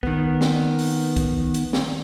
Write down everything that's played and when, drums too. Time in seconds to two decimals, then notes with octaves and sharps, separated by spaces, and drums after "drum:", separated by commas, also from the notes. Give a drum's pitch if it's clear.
0.03 D#3 B3, drum: kick
0.41 drum: snare
0.79 drum: open hi-hat
1.16 drum: kick, hi-hat
1.54 drum: hi-hat
1.73 drum: snare